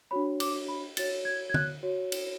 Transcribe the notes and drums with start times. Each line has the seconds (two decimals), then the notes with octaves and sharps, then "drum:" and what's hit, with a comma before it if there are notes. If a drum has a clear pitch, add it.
0.11 D4 F#4 C#5 B5
0.40 D6, drum: cymbal
0.68 B5
0.97 F#4 C#5 A6, drum: cymbal
1.25 G#6
1.50 G#6
1.54 F#6, drum: tom
1.83 F#4 C#5
2.12 drum: cymbal